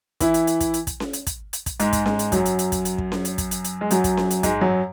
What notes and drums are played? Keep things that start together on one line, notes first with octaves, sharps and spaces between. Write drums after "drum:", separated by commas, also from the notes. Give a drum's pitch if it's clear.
E3 E4, drum: kick, hi-hat
drum: hi-hat
drum: hi-hat
drum: kick, hi-hat
drum: hi-hat
drum: kick, hi-hat
drum: snare C#4
drum: hi-hat
drum: kick, hi-hat
drum: hi-hat
drum: kick, hi-hat
G#2 G#3, drum: hi-hat
drum: kick, hi-hat
G#2 G#3, drum: snare C#4
drum: hi-hat
F#2 F#3, drum: kick, hi-hat
drum: hi-hat
drum: hi-hat
drum: kick, hi-hat
drum: hi-hat
drum: kick
drum: snare C#4
drum: hi-hat
drum: kick, hi-hat
drum: hi-hat
drum: hi-hat
G#3
F#2 F#3, drum: hi-hat
drum: kick, hi-hat
drum: snare C#4
drum: hi-hat
G#2 G#3, drum: kick, hi-hat
F#2 F#3